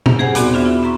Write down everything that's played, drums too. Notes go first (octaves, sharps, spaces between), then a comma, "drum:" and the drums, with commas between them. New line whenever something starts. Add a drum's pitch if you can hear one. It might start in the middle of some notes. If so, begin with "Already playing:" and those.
drum: tom A#2
G4 G#4 C5 F#5 G#5
D#2 A#2 B3 C4 F#4 D5, drum: hi-hat
B3 D4 F4 E5 B5
E4
E5 A#5 C6 C#6